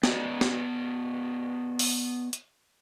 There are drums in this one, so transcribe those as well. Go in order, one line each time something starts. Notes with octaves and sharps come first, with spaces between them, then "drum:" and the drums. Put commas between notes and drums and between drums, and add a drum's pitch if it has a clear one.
B3 D5 D#5, drum: snare
drum: snare
drum: open hi-hat
drum: hi-hat